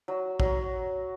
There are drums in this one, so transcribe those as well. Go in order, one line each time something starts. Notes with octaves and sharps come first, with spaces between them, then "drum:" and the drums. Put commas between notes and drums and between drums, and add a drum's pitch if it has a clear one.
F#3
F#3, drum: kick